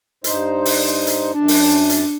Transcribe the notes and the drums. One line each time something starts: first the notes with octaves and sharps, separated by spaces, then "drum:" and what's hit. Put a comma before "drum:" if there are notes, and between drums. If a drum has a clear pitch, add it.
G2 D#4 C5, drum: hi-hat
drum: open hi-hat
drum: hi-hat
F#2 D4 A5
drum: open hi-hat
drum: hi-hat